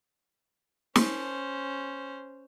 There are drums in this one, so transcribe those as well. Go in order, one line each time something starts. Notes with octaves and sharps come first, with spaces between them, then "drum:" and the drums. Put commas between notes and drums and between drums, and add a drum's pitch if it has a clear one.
C#4 C5, drum: snare